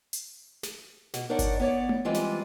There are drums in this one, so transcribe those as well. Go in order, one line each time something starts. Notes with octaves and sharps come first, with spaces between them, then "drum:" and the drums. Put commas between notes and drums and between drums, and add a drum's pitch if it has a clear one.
drum: hi-hat
drum: snare
B2, drum: snare
D4 D#4 A#4 C#5 D5 F#5
drum: kick G1, hi-hat
B3 C#5 D5
drum: tom A3
E3 G3 G#3 C4 F4 G#5
drum: snare